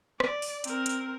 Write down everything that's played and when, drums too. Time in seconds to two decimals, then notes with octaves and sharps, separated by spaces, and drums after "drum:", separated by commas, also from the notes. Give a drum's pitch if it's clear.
0.20 D5, drum: rim click
0.42 drum: open hi-hat
0.64 C4 A#4, drum: hi-hat
0.86 drum: hi-hat